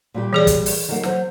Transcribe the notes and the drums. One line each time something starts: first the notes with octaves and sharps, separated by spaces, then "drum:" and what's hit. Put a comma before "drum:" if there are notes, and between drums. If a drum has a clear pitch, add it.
A#2 G3 G4
E3 G#4 D5
drum: kick, hi-hat
drum: open hi-hat
D#3 F#3 A#3
F#3 C5, drum: snare